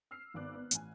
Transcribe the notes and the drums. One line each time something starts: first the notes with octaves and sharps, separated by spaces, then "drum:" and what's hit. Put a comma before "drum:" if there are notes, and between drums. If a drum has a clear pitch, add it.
E6 F6 C7
G#1 B3 D5 D6 F#6
B3
A1 G#5, drum: hi-hat